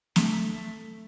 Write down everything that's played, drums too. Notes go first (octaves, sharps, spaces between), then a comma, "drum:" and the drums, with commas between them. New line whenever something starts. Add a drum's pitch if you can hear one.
A3, drum: snare
A3